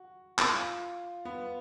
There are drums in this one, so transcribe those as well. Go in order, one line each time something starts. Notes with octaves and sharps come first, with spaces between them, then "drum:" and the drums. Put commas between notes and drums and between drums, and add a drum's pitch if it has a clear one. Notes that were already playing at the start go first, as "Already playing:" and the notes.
Already playing: F#4
drum: clap
F4
B3